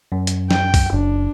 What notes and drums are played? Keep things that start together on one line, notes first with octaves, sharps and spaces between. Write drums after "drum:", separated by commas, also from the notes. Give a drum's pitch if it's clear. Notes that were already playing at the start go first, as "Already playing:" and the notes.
F#2
drum: hi-hat
G5, drum: snare
drum: kick B1, open hi-hat
F#1 D4